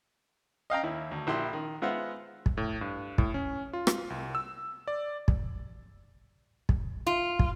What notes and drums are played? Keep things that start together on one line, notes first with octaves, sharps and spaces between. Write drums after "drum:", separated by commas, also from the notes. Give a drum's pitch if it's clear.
D#5 F5 G5 A#5
D#2 E4
D2
A#1 E4 G4 C6
D#3
G#3 B3 F4 C5 E5 F#5
drum: kick
A2
G2
A2, drum: kick
C#4
F4
drum: rim click
C2
E6
D5
drum: kick
drum: kick
F4
drum: kick